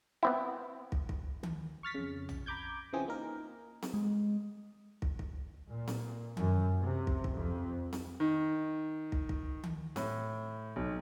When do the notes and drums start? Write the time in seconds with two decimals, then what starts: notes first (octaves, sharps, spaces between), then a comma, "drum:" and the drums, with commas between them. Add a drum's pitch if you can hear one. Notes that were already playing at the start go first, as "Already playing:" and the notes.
0.23 B3 C4 E4
0.92 drum: kick
1.09 drum: kick
1.43 drum: tom D#3
1.83 C#6 F6 A6 B6
1.94 F2 C#3
2.29 drum: tom
2.46 A#5 B5 D6 G6 G#6
2.93 C#3 E3 F3 C4 G#4
3.08 A#3 D#4 A#4
3.82 drum: snare C4
3.94 G#3
5.02 drum: kick
5.19 drum: kick
5.71 A#2
5.88 drum: snare C4
6.37 F#2, drum: tom D#3
6.81 C3
7.07 drum: kick
7.24 drum: kick
7.35 F2
7.93 drum: snare C4
8.20 D#3
9.12 drum: kick
9.29 drum: kick
9.63 drum: tom D#3
9.96 A2, drum: snare C4
10.76 B1